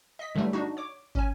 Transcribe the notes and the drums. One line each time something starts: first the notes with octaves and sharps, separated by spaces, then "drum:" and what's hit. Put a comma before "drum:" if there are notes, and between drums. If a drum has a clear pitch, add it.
D#5 B6
G2 D3 E3 F#3 G3 A3
D4 D#4 F#4
C#5 D6
C#4 G#5, drum: kick